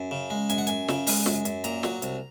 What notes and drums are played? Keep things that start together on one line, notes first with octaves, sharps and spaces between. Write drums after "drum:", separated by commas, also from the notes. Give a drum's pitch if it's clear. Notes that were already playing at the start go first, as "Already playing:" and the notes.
Already playing: F#2
C#3
G#3
F#2 G#5, drum: hi-hat
F#5
F#2 G#5, drum: hi-hat
C#3, drum: snare
G#3, drum: open hi-hat
F#2, drum: snare
F#2, drum: hi-hat
A#2 A#5, drum: hi-hat
F#3, drum: snare
C2, drum: hi-hat